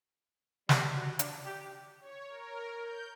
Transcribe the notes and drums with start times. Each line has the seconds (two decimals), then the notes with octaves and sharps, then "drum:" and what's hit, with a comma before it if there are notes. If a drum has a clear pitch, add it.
0.69 G3, drum: snare
0.97 F#4
1.19 D4, drum: hi-hat
1.46 G4
2.00 C#5
2.29 A#4
2.83 G6